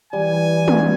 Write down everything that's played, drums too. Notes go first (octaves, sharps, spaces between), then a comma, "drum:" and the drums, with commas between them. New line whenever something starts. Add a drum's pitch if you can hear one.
E3 G3 G#5
drum: tom